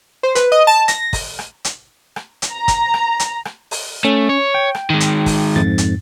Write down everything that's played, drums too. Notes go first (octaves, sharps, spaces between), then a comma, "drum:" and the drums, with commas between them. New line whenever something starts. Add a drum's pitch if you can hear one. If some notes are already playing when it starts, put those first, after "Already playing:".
C5
B4, drum: hi-hat
D#5
A5
A#6, drum: hi-hat
drum: kick, open hi-hat
drum: rim click
drum: hi-hat
drum: rim click
drum: hi-hat
A#5
drum: kick, hi-hat
drum: rim click
drum: hi-hat
drum: rim click
drum: open hi-hat
A3 C#4
C#5
G5
drum: rim click
D#3 G#3
drum: hi-hat
drum: kick, open hi-hat
F2 G#2 A6
drum: hi-hat